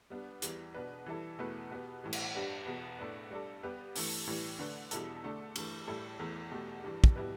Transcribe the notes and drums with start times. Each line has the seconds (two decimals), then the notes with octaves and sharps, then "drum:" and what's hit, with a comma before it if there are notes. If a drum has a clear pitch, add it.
0.10 G3 B3 D4
0.42 E2 E3 G3, drum: hi-hat
0.74 B2 B3 D4 B4
1.06 E3 G3 E4 A4
1.39 E2 B2 A3 E4 B4
1.71 B2 B3 G4 B4
2.03 A2 E3 G3
2.13 drum: cymbal
2.35 G2 G3 D4 B4
2.67 E2 B2 B3
2.99 A2 A3 D4 B4
3.31 G3 D4 A4
3.63 G3 B3 G4 B4
3.96 G2 E3 A3, drum: open hi-hat
4.27 A2 E3 G3
4.59 D3 A3 D4 B4
4.91 E2 B2 G3 E4 A4, drum: hi-hat
5.24 D3 A3 D4 A4
5.56 G2 E3 A3, drum: cymbal
5.87 A2 G3 E4 A4
6.19 E2 E3 A3
6.51 E2 B2 A3 G4
6.83 G2 E3 G3
7.04 drum: kick
7.16 B2 G3 E4 G4 B4